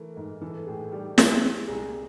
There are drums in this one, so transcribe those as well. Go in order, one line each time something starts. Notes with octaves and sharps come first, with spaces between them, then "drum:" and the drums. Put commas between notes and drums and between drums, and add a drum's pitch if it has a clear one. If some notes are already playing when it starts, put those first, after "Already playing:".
Already playing: E3 A3 A#4
G#2
E3 A4
A2 G#4
G3 G4
G#3 G4, drum: snare
G#3 G4
C2 G#4